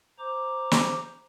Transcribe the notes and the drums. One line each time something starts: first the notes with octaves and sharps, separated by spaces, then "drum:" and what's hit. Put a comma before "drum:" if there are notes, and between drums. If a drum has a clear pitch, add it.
C5 A#5 D6
drum: snare